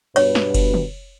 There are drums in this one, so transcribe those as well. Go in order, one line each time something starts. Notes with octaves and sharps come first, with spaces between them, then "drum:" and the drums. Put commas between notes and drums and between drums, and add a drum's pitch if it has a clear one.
G2 B2 B4 C#5, drum: cymbal
drum: snare
drum: kick F#1, cymbal
drum: tom